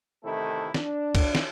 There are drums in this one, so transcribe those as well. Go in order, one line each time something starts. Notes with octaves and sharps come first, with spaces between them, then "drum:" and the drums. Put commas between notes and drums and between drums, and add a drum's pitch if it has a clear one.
A1 C3 D#3 A3 E4 A4
D4, drum: snare
drum: kick, cymbal
drum: snare